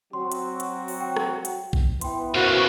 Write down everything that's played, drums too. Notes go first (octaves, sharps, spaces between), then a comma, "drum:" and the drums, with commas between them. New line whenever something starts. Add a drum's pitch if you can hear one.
F#3 C4 F#4 C6
drum: hi-hat
drum: hi-hat
drum: open hi-hat
G5
drum: rim click
drum: hi-hat
drum: kick A#1
B3 E4 B4 G5 C6, drum: hi-hat
A#2 C#3 F#4 A#4 C5 F#5